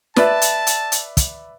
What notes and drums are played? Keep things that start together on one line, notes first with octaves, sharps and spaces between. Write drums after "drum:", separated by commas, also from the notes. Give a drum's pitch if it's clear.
B4 D5 E5 A5, drum: snare
drum: hi-hat
drum: hi-hat
drum: hi-hat
drum: kick, hi-hat